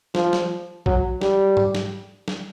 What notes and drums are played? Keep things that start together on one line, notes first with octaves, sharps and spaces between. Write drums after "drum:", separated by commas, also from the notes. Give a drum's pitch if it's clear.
F3, drum: snare
drum: snare
F#3, drum: kick
G3, drum: snare
drum: tom G#2
drum: snare
drum: snare